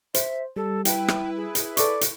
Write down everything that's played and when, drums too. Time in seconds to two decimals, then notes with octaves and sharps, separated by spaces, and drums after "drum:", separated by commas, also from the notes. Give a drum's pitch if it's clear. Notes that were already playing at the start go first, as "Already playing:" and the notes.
0.14 C5 E5, drum: hi-hat
0.56 G3 A4
0.85 E4 B4 G5, drum: hi-hat
1.08 drum: rim click
1.37 G#4
1.55 drum: hi-hat
1.77 A4 D5 C#6, drum: hi-hat
2.01 drum: hi-hat